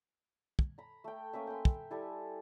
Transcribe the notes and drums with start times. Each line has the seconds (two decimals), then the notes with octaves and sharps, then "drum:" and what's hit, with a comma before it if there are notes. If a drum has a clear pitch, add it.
0.59 drum: kick
0.78 A#5 B5
1.04 A3 G5
1.33 A#3 C#4 B4 E5
1.47 G5 B5 C6
1.65 drum: kick
1.90 G3 E4 A4 G#5